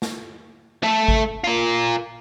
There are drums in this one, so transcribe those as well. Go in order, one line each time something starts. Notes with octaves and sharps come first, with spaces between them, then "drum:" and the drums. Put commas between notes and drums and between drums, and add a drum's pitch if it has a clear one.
drum: snare
A3 A4
drum: kick G#1
F4 A#4